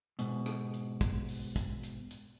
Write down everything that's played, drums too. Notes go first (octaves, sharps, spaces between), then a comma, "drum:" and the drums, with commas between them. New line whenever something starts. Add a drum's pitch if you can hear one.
G#2 B2, drum: hi-hat
drum: rim click
drum: hi-hat
drum: kick, hi-hat
drum: open hi-hat
drum: kick, hi-hat
drum: hi-hat
drum: hi-hat